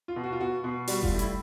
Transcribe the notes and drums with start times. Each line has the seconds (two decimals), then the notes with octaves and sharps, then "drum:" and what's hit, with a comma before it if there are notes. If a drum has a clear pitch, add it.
0.08 F4
0.16 B2
0.24 F#4
0.33 F4
0.40 B2 F#4
0.64 B2
0.88 G3 F#4, drum: open hi-hat
1.03 F4, drum: kick F1
1.12 A2
1.19 E4, drum: hi-hat